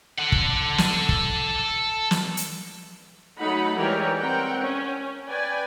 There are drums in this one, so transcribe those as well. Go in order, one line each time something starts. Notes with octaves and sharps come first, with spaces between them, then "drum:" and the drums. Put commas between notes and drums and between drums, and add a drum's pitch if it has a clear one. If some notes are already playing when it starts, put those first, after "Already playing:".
A4 F#5
drum: kick
drum: snare
drum: kick
drum: snare
drum: hi-hat
F#3 A3 D#4 F#5 B5
E3 G3 G#3 G4 A#4 C#5
C4 A#4 F#5 G5
C#4
B4 D5 G5 G#5